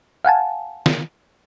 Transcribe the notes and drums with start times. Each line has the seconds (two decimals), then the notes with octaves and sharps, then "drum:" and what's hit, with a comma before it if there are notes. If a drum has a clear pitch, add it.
0.25 F5 F#5 G#5 A5
0.86 drum: snare